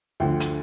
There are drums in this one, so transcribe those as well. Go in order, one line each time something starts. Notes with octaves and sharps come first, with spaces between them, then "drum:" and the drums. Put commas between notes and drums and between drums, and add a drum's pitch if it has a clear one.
D2 D3 F3 G5
drum: hi-hat